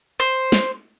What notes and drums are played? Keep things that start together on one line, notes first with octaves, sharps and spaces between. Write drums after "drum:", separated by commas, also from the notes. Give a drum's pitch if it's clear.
C5
drum: snare